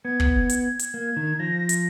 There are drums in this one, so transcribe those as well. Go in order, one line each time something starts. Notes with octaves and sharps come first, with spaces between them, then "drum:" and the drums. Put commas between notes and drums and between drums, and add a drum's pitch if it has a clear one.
B3 G#6
drum: kick
drum: hi-hat
drum: hi-hat
A#3 G#6
D#3
F3 A#6
drum: hi-hat